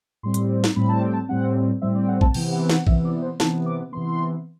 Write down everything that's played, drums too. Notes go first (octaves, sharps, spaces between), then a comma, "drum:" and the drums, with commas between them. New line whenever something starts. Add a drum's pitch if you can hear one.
A2 G3 C4 C6
drum: hi-hat
drum: snare
A2 G3 C4 B5
A5
G5
A5
A2 G3 C4 F#5
A2 G3 C4 E5
D5
F#5
A5, drum: kick
C3 E3 B3 G5, drum: cymbal
F#5
F#5, drum: snare
C3 E3 B3 E5, drum: kick
D5
C5
C3 E3 B3 A5, drum: snare
D6
C3 E3 B3 C6